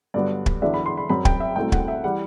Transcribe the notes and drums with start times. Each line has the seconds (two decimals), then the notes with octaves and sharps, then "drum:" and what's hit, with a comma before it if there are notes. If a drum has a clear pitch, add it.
0.14 G2 D3 F#3 B3 D5
0.46 drum: kick
0.62 E2 D3 F#3 B3 D4 E5
0.74 B5
0.86 C6
0.97 B5
1.09 F#2 F#3 C4 B5
1.25 G5, drum: kick
1.40 E5
1.56 C2 B2 A3 C4 G5
1.72 F#5, drum: kick
1.88 E5
2.04 E3 G3 F#5